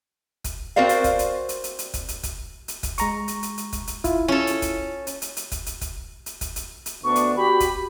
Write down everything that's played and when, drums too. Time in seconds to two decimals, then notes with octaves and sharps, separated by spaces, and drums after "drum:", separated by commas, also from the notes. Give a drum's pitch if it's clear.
0.44 drum: kick, hi-hat
0.76 C4 F#4 A#4 C5 D5 F5
0.89 drum: hi-hat
1.04 drum: kick, hi-hat
1.19 drum: hi-hat
1.49 drum: hi-hat
1.64 drum: hi-hat
1.79 drum: hi-hat
1.94 drum: kick, hi-hat
2.08 drum: hi-hat
2.23 drum: kick, hi-hat
2.68 drum: hi-hat
2.83 drum: kick, hi-hat
2.98 G#3 A#5 C#6, drum: hi-hat
3.28 drum: hi-hat
3.43 drum: hi-hat
3.58 drum: hi-hat
3.73 drum: kick, hi-hat
3.87 drum: hi-hat
4.04 E4 F4, drum: kick, hi-hat
4.28 C#4 A4
4.47 drum: hi-hat
4.62 drum: kick, hi-hat
5.07 drum: hi-hat
5.22 drum: hi-hat
5.37 drum: hi-hat
5.51 drum: kick, hi-hat
5.66 drum: hi-hat
5.81 drum: kick, hi-hat
6.26 drum: hi-hat
6.41 drum: kick, hi-hat
6.56 drum: hi-hat
6.86 drum: hi-hat
7.04 D2 B3 D4 C#6
7.16 drum: hi-hat
7.37 F#4 G4 B5
7.60 drum: kick, hi-hat